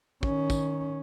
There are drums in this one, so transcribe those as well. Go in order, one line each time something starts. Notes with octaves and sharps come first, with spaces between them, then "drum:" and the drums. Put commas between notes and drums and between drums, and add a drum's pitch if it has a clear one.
D#3 C#4, drum: kick
drum: kick, tambourine